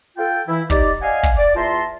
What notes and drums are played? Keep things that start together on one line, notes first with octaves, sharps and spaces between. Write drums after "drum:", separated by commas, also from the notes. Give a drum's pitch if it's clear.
F4 A4 G5
E3 E4
D#4 G4 D5, drum: kick
D5 D#5 F5 F#5 G#5
drum: kick
D5
E2 F4 E5 A5 A#5 C6